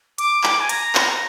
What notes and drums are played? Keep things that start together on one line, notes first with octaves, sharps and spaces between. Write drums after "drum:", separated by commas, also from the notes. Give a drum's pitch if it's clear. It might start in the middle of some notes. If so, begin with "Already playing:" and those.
D6, drum: hi-hat
drum: clap
G#5
A#5, drum: hi-hat
drum: clap